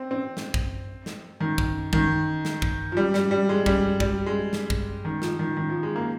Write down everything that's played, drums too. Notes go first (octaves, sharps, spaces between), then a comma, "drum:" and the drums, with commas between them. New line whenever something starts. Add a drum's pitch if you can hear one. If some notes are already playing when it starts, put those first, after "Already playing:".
Already playing: C4
C4
drum: snare
drum: kick
drum: snare
D#3
drum: kick
D#3, drum: kick
drum: snare
drum: kick
F3
G3
G3, drum: snare
G3
G#3
G3, drum: kick
G3, drum: kick
G#3
drum: snare
drum: kick
D#3
F3, drum: snare
D#3
D#3
F3
G#3
A#3